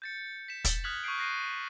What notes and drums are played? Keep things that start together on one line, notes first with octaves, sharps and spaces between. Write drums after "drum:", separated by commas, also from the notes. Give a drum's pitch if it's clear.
G6 A6 C#7
B6 E7
A6, drum: kick, hi-hat
D#6 F6 F#6 G#6 B6 F#7
C#6 D#6 F6 G6 C7 D7
F#6 A#6 C7 D#7